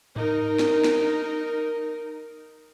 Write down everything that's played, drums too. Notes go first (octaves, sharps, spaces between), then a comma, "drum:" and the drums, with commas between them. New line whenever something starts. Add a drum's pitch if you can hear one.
D#4 A#4, drum: tom G#2
drum: snare
drum: snare